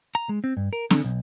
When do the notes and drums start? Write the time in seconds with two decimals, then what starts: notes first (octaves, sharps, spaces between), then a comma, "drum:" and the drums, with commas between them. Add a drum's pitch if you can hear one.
0.15 A#5
0.29 G#3
0.44 C4
0.57 G2
0.73 A#4
0.90 D3, drum: snare C4
1.04 B1